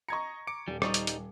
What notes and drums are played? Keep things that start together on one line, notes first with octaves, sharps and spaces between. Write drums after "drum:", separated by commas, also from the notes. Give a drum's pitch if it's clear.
D#5 A#5 C#6 G#6 C#7
D6 C#7 D7
D#1 G3
G3 D#4 C5 D5 C#6, drum: rim click
drum: hi-hat
drum: hi-hat